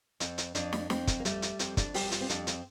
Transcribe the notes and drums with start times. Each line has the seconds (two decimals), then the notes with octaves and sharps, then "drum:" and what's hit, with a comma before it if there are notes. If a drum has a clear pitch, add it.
0.20 F2 C4, drum: hi-hat
0.38 drum: hi-hat
0.55 F2 D4, drum: hi-hat
0.73 drum: snare
0.90 F2 C4, drum: snare
1.07 drum: kick, hi-hat
1.20 A#3
1.25 G3 A3, drum: hi-hat
1.42 drum: hi-hat
1.59 F2 C4, drum: hi-hat
1.77 D4, drum: kick, hi-hat
1.94 G3 G4, drum: open hi-hat
2.12 F4, drum: hi-hat
2.21 C4
2.29 F2 D4, drum: hi-hat
2.47 C4, drum: hi-hat